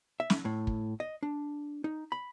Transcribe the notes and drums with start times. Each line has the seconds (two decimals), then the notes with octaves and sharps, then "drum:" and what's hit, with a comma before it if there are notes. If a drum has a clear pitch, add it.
0.20 E5
0.30 drum: snare
0.45 A2
0.67 drum: kick
1.00 D#5
1.23 D4
1.84 D#4
2.12 B5